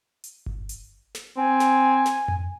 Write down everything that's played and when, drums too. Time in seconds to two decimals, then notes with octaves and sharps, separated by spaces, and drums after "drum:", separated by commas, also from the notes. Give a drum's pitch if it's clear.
0.24 drum: hi-hat
0.46 drum: kick G1
0.69 drum: hi-hat
1.15 drum: snare
1.37 C4 G#5
1.60 drum: snare
2.06 drum: snare
2.28 drum: tom F2